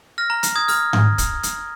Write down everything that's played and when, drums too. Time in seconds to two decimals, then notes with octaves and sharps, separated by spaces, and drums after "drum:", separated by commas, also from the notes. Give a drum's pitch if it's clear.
0.18 F6 A#6
0.30 A#5
0.43 A#5, drum: hi-hat
0.55 D#6 G#6
0.68 F6, drum: open hi-hat
0.93 drum: tom G#2
1.18 drum: kick, hi-hat
1.43 drum: hi-hat